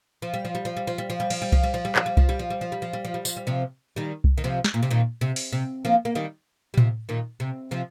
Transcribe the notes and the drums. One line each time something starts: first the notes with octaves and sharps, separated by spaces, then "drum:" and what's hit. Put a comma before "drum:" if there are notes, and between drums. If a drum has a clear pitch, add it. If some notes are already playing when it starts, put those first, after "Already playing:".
F3
G3
F3
G3
F3
G3
F3
G3
F3
G3
F3, drum: cymbal
G3
F3, drum: kick C2
G3
F3
G3
F3, drum: clap
G3
F3, drum: kick C2
G3
F3
G3
F3
G3
F3
G3
F3
G3
F3, drum: tambourine
G3
C3 F3
D#3 G3
drum: kick C2
D#3
C3 F3
drum: snare
A#2
C3
A#2 D#3
C3
drum: open hi-hat
C3
F3 A#3
A#3
D#3 G3
G3
C3 F3, drum: tom A2
A#2 D#3
C3
C3 F3